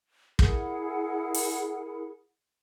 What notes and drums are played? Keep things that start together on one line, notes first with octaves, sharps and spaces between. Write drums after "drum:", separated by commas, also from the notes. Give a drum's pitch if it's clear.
E4 G#4 A#4 F#5, drum: kick
drum: open hi-hat